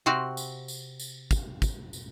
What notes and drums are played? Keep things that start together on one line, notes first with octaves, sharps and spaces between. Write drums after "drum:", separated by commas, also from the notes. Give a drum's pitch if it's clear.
C3 C4 F#4 F5
drum: tambourine
drum: tambourine
drum: tambourine
drum: kick, tambourine
drum: kick, tambourine
drum: tambourine